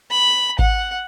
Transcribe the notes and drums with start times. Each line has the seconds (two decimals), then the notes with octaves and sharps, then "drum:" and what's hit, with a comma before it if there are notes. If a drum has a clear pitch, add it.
0.11 B5
0.59 F#5, drum: kick G#1